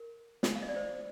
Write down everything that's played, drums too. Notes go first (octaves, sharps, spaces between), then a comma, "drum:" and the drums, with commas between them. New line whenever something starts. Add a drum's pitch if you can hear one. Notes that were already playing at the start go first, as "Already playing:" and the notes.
Already playing: A#4
drum: snare
F5
D#5
D5
C5